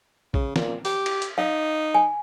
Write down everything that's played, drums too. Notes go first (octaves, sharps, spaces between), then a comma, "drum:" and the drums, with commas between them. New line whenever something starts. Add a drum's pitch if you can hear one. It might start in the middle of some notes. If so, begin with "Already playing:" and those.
C#3, drum: kick A#1
A#2, drum: snare
G4, drum: open hi-hat
drum: cymbal
drum: hi-hat
D#4 F5
G#5